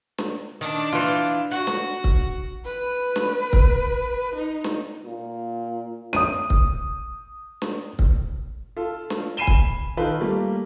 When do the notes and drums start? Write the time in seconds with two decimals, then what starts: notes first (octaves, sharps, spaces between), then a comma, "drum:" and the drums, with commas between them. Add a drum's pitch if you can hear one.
0.18 drum: snare
0.61 D#3 D4
0.93 E3 F4
1.51 F#4 F#5
1.67 drum: snare
2.04 drum: kick C#1
2.65 B4
3.16 drum: snare
3.53 drum: kick C#1
4.36 D#4
4.64 drum: snare
5.05 A#2
6.13 D#6 D#7, drum: snare
6.50 drum: kick C#1
7.62 drum: snare
7.99 drum: kick C#1
8.76 F4 A4
9.10 drum: snare
9.37 G#5 B5 C7 D#7 E7 G7
9.47 drum: kick C#1
9.97 D#3 F4 A4 B4
10.20 G3 A3 A#3